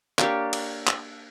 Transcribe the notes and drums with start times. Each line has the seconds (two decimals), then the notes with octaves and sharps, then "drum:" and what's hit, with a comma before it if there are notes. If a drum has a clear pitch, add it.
0.19 A#3 D4 G4 C#5, drum: clap
0.53 drum: cymbal
0.87 drum: clap